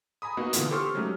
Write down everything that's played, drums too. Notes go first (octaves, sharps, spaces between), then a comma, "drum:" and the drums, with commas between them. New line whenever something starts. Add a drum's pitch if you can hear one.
G#5 A#5 B5 D#6
A#3 B3 D#4 F#4 D#5 F#5
B2 D3 E3 A#3 B3 F4, drum: hi-hat
G4 A4 C5 C6 C#6 F6
F#3 G#3 A3 C#4 D#4 G4